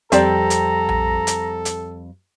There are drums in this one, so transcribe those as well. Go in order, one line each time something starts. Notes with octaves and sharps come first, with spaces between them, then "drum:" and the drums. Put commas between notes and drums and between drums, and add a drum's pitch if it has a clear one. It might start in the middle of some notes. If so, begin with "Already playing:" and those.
F2 G3 C4 G4 A4 D5 A#5, drum: hi-hat
drum: hi-hat
drum: tom A#1
drum: hi-hat
drum: hi-hat